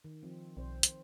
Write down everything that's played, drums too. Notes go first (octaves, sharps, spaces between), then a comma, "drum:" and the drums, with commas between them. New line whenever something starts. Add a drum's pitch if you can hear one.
D#3
F3 C4
B1 C4 C5
drum: hi-hat